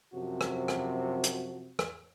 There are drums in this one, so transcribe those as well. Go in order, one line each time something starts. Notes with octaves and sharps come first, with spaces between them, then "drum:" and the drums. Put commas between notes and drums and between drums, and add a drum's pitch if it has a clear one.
F#2 C3 F3 F#4
drum: rim click
drum: rim click
drum: hi-hat
drum: rim click